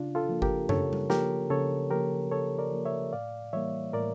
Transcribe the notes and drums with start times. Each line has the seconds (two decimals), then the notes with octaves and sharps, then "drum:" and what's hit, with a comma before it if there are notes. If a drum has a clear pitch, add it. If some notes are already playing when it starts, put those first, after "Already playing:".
Already playing: C#3 D4 F4
0.15 F4 A4
0.29 F3 A#3
0.42 G4 A#4, drum: kick G1
0.69 C#3 A4 C#5, drum: tom F#2
0.93 drum: tom G3
1.10 F3 A#3 G4 A#4, drum: snare
1.50 C#3 A4 C#5
1.90 F3 A#3 G4 A#4
2.31 C#3 A4 C#5
2.58 A#4 D5
2.72 F3 A#3
2.85 C#5 E5
3.13 A2 D5 F5
3.53 E3 G3 A#3 C#5 E5
3.93 A2 A#4 D5